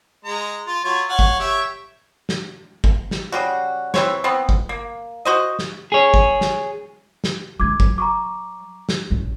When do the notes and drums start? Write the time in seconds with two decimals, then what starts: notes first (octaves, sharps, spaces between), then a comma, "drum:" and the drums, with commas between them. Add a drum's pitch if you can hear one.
0.25 G#3 A#5
0.67 F4
0.84 F#3 F4 C#5
1.09 C#5 F5 F#5
1.19 drum: kick
1.40 G4 C#5 E5
2.29 drum: snare
2.84 drum: kick
3.11 drum: snare
3.32 C#3 G3 F#4
3.94 E3 C4 C#5, drum: snare
4.24 B3 C4
4.49 drum: kick
4.69 A#3
5.25 F#4 C5 D#5
5.59 drum: snare
5.92 G#4 C#5
6.14 drum: kick
6.41 drum: snare
7.24 drum: snare
7.60 G#3 A#3 D6 G#6
7.80 F#3, drum: kick
7.98 A#5 C#6 D6
8.89 drum: snare
9.10 A1 C#3